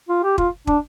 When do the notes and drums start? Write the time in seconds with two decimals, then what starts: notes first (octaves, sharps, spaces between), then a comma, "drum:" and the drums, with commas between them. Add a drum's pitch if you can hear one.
0.09 F4
0.24 G4
0.38 F4, drum: kick
0.67 D4, drum: kick